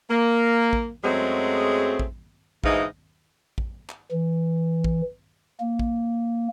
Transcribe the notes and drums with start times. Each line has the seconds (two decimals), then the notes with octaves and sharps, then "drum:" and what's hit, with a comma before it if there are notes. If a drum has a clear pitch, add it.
0.10 A#3
0.73 drum: kick A1
1.04 F#2 F#3 G#3 A3 C4 G#4
1.99 drum: kick A1
2.64 D2 G#2 E3 D#4 D#5 F5, drum: kick A1
3.58 drum: kick A1
3.89 drum: clap
4.11 E3
4.84 drum: kick A1
5.60 A#3
5.79 drum: kick A1